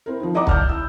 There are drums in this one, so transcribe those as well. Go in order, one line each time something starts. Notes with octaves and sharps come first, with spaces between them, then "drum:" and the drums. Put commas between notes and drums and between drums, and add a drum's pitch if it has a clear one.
C4 E4 A#4
D#3 F3
E4 D5 D#5 F#5 A#5 D6
A5 F6 G6, drum: kick
E4 E6